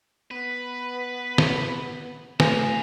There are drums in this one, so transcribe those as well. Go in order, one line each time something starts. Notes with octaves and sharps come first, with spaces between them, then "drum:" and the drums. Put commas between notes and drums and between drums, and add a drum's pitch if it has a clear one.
B3 B4
drum: snare
A3 B4 D#5 F5 G#5, drum: snare